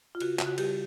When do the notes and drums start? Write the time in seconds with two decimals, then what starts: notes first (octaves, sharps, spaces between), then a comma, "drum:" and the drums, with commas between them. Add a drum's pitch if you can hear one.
0.15 F4
0.20 C#3 F#4, drum: cymbal
0.39 C#3, drum: clap
0.46 F#4
0.58 G3 G4, drum: cymbal